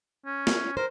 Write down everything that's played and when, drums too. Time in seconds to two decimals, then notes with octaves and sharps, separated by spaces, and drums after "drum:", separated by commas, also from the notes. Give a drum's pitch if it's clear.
0.25 C#4
0.47 drum: snare
0.77 A#4 C5